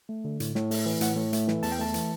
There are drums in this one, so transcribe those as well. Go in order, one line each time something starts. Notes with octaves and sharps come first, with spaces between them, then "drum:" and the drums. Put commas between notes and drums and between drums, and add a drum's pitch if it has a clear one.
A3
D3
A2, drum: hi-hat
A2, drum: snare
A3, drum: open hi-hat
E3
A2 F#5, drum: hi-hat
A2
A3, drum: hi-hat
E3, drum: snare
E2 A5, drum: open hi-hat
G5
A3 A5
E3, drum: hi-hat